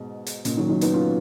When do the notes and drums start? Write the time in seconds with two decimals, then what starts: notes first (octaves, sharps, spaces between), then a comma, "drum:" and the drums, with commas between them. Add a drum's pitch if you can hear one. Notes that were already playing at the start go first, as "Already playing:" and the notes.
Already playing: G#2 B2
0.27 drum: hi-hat
0.45 A#2 C#3, drum: hi-hat
0.57 D#3 F#3
0.69 D#3 F#3
0.81 B3 D#4, drum: hi-hat
0.93 C#4 F4